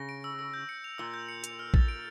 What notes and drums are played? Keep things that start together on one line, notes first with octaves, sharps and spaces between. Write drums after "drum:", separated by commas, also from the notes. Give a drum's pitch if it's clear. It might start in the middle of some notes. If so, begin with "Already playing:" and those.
Already playing: C#3 A#6
D7
E6
E6
G6
C#7
F7
A#2 E6
G6
C#7
F7, drum: hi-hat
F6
A6, drum: kick
D7